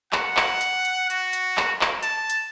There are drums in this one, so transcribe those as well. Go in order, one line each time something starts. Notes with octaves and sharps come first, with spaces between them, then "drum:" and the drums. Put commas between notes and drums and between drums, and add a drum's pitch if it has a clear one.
F#5, drum: clap
drum: clap
drum: hi-hat
drum: hi-hat
F#4, drum: hi-hat
drum: hi-hat
drum: clap
drum: clap
A5, drum: hi-hat
drum: hi-hat